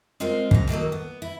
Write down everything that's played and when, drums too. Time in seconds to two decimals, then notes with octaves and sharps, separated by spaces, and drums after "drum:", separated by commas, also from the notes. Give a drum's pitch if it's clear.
0.20 G#3 C4 F4 A#4 C5
0.51 G#2 A#5, drum: kick
0.69 D#3 F#3 A#3 A4
0.92 B3
1.22 E4